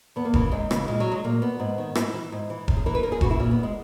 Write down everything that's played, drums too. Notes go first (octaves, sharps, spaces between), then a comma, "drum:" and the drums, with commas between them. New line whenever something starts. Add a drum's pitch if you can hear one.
E2 B3
A#3
C#3 E3, drum: kick E1
F#2 G#3
C#3 E3, drum: rim click
A#2 G#3
F#3
G#3
A#2 A#3
B3
G#2
D#3
G#2 E4, drum: rim click
E3
G#2
E3
F#2, drum: kick E1
G#4
E3 A#4
B4
F#2 A#4
G#4
C#3 E3 F#4, drum: kick E1
E4
A#2 C#4
B3
G#3